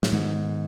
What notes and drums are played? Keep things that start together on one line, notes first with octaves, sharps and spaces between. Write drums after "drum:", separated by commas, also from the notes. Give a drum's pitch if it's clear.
A2, drum: snare
G#2 D#3 G#3 B3